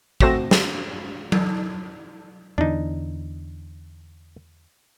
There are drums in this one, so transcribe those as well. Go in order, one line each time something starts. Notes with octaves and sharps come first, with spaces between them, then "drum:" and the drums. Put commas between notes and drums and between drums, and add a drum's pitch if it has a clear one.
A3 C4 F#4 A#6 E7, drum: kick
drum: snare
drum: tom F#3
E2 D3 D4 D#4